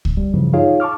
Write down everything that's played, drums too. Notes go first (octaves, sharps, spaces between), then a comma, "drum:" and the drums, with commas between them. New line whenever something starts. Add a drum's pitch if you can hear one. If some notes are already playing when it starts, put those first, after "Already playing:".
drum: kick C#2
G3
G2 C#3 E3 F3
D#4 F4 G#4 C#5 F5
A5 C#6 D6 F6